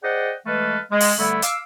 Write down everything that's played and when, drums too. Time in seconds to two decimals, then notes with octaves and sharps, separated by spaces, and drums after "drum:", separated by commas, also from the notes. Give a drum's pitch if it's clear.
0.03 G#4 C5 D5 D#5 F#5 G5
0.46 E3 G#3 A3 A4 B4 F5
0.91 G#3
1.00 drum: open hi-hat
1.18 D3 G3 A3 B3 E4
1.42 F5 D6 E6, drum: hi-hat